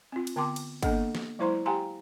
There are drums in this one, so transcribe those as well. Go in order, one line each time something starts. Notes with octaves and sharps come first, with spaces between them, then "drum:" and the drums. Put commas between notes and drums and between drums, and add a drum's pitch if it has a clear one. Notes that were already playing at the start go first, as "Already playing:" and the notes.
C4 F4
drum: cymbal
D3 B3 G5 A5 C6 D6
drum: cymbal
A#3 B3 D4 A4 D#5 F#5, drum: kick, cymbal
drum: snare
F#3 G#3 E4 C5 A#5 C6
G4 F5 G5 G#5 A#5 C6